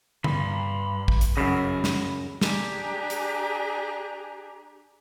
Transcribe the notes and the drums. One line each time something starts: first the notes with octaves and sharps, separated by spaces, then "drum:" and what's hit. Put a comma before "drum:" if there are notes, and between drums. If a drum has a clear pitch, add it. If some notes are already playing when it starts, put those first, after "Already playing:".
G2 B5 C6, drum: tom D3
drum: kick
drum: hi-hat
F#2 C#3 D#5 B5
drum: snare
D4 G4 G#4 A#5, drum: snare
drum: hi-hat